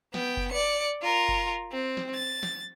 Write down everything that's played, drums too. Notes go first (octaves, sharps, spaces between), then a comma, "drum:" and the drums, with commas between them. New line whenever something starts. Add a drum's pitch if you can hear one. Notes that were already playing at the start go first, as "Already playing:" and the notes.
B3 G5, drum: snare
drum: kick F#1
D5 C#7
F4 A#4
drum: kick F#1
C4
drum: snare
A6
drum: snare